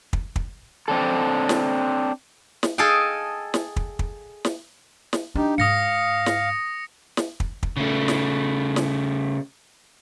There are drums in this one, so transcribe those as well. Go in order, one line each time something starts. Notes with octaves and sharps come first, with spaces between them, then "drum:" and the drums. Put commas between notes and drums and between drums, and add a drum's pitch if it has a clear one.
drum: kick
drum: kick
C4 D4 A4
drum: snare
drum: snare
G#4 A4 D#5 F5 G5
drum: snare
drum: kick
drum: kick
drum: snare
drum: snare
D4 D#4 G4
G#2 F5 D#6 A#6 C#7
drum: snare
drum: snare
drum: kick
drum: kick
C#3 A3
drum: snare
drum: snare